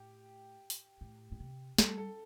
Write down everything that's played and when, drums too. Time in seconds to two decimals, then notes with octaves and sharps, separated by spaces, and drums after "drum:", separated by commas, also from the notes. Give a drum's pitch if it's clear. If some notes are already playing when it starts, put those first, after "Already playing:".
Already playing: A2 G4
0.70 drum: open hi-hat
1.01 A2
1.32 A2
1.40 C3
1.78 G3 A4, drum: snare
1.98 A4